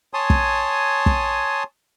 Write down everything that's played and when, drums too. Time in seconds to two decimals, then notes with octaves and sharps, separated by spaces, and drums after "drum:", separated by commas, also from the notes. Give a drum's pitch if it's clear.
0.14 C#5 G#5 A5 C6 D#6
0.30 drum: kick
1.06 drum: kick